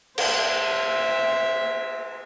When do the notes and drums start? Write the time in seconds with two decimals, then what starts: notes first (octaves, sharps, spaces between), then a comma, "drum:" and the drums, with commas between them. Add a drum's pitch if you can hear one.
0.18 C5 E5, drum: cymbal